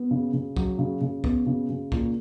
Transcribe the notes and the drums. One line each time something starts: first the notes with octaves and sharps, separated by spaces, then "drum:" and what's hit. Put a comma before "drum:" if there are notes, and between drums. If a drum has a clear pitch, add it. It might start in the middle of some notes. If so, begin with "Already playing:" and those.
Already playing: B3
C#3
C#3
F#3, drum: kick
C#3
C#3
B3, drum: kick
C#3
C#3
A#2, drum: kick